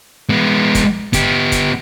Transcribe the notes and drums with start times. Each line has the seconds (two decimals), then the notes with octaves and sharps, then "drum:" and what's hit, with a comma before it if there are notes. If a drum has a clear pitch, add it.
0.29 G#3 B3
0.75 drum: kick, hi-hat
1.13 B3 G4, drum: kick, hi-hat
1.52 drum: kick, hi-hat